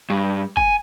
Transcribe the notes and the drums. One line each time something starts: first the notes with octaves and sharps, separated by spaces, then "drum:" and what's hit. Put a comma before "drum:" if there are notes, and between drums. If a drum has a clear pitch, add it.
G2
G#5, drum: kick